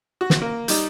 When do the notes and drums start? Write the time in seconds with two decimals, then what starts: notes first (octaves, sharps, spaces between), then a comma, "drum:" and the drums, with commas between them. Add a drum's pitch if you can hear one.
0.21 F#4
0.30 drum: snare
0.42 A#3
0.68 G3 D#4, drum: hi-hat